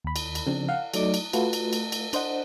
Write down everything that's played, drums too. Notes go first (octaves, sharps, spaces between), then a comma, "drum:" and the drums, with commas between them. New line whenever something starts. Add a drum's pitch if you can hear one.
D#2 B5
drum: cymbal
drum: cymbal
C#3 F3 C4 D4
F5 F#5
F#3 A3 D#4 D5 D6, drum: cymbal
drum: cymbal
A3 F4 F#4 A4 B4, drum: cymbal
drum: cymbal
drum: cymbal
drum: cymbal
D4 C5 D#5 F#5, drum: cymbal